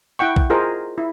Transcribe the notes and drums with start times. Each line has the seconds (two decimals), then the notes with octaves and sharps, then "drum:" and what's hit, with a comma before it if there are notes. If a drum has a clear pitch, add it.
0.19 E4 F#5 G5 C#6
0.36 drum: kick B1
0.50 F4 G#4 A#4 C5 D#5
0.98 E4